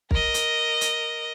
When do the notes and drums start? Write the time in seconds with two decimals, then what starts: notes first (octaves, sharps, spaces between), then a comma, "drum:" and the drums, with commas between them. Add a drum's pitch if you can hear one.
0.11 A#4 D#5, drum: kick B1
0.34 drum: hi-hat
0.81 drum: hi-hat